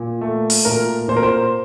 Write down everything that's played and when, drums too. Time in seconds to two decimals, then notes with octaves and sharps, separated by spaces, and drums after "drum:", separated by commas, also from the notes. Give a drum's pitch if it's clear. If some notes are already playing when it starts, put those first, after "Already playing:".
Already playing: A#2
0.21 A3
0.50 drum: open hi-hat
0.65 A#2 A#4
1.08 A#2 C5
1.17 A#4
1.23 C5